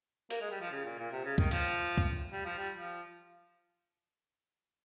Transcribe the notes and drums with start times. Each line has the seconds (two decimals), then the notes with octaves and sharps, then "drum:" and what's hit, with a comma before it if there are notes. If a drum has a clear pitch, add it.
0.30 A#3, drum: open hi-hat
0.41 G#3
0.51 G3
0.61 F3
0.71 C#3
0.85 A#2
0.98 A#2
1.11 C3
1.24 C#3
1.38 D#3, drum: kick
1.51 F3, drum: cymbal
1.98 drum: kick
2.32 G3
2.45 F3
2.58 G3
2.73 F3